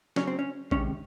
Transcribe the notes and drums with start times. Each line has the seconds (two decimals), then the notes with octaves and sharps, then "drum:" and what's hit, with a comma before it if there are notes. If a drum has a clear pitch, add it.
0.16 C#3 F#3 C#4, drum: snare
0.27 C4
0.39 C#4
0.71 C3 D#3 G#3 C#4, drum: kick A1